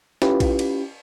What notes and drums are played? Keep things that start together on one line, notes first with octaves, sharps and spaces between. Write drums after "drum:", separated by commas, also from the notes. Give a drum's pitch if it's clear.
C#4 E4 F4 G4 B4, drum: snare
drum: kick A#1, cymbal
drum: cymbal